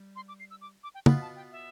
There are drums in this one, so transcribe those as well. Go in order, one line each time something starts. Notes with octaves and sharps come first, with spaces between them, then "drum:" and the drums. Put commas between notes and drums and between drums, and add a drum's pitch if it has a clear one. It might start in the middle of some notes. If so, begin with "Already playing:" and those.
Already playing: G3
C6
D6
C7
E6
D6
D6
G5
B2 B3 F4 B4 B5, drum: tom
A5
G5
E5